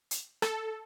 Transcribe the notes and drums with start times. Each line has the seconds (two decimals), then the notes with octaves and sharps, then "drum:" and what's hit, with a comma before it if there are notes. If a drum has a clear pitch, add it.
0.11 drum: hi-hat
0.42 A4, drum: rim click